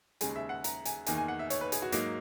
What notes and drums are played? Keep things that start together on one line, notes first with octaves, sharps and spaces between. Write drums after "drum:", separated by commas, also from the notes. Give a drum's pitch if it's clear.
D#2 C#3 G#3 G#5, drum: hi-hat
E5
F#5
A#5, drum: hi-hat
G#5, drum: hi-hat
E2 D#3 A#3 D#4 G#5, drum: hi-hat
G#5
F#5
E5
C#5, drum: hi-hat
B4
G#4, drum: hi-hat
F#4
G#2 F#3 A#3 D#4, drum: hi-hat